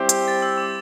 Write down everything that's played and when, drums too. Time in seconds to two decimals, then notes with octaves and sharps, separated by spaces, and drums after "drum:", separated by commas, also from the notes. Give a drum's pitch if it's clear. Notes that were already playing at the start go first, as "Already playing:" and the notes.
Already playing: G3 C4 E4 G4
0.09 drum: hi-hat
0.28 A6
0.42 E6
0.58 D6